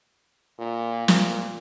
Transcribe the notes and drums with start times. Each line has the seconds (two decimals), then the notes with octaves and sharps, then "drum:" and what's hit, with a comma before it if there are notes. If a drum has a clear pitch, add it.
0.59 A#2
1.08 A#2, drum: snare